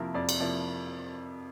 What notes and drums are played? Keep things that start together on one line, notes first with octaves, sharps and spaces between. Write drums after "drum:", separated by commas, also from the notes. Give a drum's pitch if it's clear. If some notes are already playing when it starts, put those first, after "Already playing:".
Already playing: F2 C3 F3 A#3 E4 A#4
F2 D5
drum: cymbal
C3 F3 A#3 E4 D5